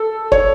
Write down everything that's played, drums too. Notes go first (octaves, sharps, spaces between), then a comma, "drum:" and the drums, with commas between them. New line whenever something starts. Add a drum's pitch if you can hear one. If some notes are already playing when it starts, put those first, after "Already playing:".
Already playing: A4
C#5, drum: kick